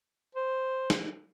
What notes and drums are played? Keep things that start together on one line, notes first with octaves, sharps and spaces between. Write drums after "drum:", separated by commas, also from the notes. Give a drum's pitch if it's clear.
C5
drum: snare